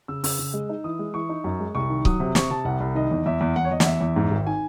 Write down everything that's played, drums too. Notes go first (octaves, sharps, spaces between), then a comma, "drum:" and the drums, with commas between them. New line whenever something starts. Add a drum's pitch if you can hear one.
C#3 E6
C#3 E6, drum: open hi-hat
C#3
G#3
D#4
E3 D#6
G#3
E3 C#6
D#4
F#2
G#3
C2 C#6
D#3
F#3 D#6, drum: kick C#1
C3
C3 C#6, drum: snare
C3 A5
C2 F#5
C2
D#3 D#5
E2
E2 E5
E2
E2 F#5
C#5
E2 D#5
F#5, drum: snare
E2 E5
E2
G#2
G#1
D#3 G#5